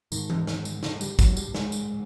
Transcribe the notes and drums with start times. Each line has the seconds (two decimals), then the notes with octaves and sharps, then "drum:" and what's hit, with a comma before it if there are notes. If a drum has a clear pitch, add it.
0.12 G#2 D#3, drum: tambourine
0.30 drum: tom E3
0.47 drum: snare
0.65 drum: tambourine
0.83 D3, drum: snare
1.01 G3, drum: tambourine
1.19 F#3, drum: kick, tambourine
1.37 G3, drum: tambourine
1.55 G#3, drum: snare
1.72 drum: tambourine